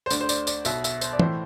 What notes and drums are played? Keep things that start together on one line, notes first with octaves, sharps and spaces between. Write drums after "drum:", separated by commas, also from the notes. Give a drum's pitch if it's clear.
C5
D2 D3 D5, drum: tambourine
C5
D5, drum: tambourine
D5, drum: tambourine
B1 B2 E5, drum: tambourine
E5, drum: tambourine
C5, drum: tambourine
D5
A2 E3 C5, drum: tom